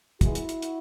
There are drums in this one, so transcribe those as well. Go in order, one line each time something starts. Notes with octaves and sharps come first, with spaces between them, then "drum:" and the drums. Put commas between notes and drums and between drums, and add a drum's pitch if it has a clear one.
E2 B2 G#3 E4 F#4, drum: kick, hi-hat
drum: hi-hat
drum: hi-hat
drum: hi-hat